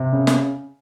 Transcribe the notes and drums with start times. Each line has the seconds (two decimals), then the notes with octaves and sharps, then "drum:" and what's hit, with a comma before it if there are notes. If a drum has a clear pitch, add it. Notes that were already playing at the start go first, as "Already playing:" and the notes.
Already playing: C3
0.13 C#3
0.27 drum: snare